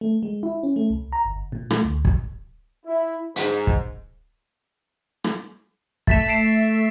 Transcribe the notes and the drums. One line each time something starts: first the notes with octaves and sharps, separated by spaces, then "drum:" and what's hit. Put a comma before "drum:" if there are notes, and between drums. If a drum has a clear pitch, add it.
A3
G#3
E4
C#4
A3
C2
A#5
G1
A#2
A3, drum: rim click
D2
drum: kick
E4
G#2, drum: hi-hat
drum: kick
drum: rim click
A3 A6 B6 E7, drum: kick
C7 D7 E7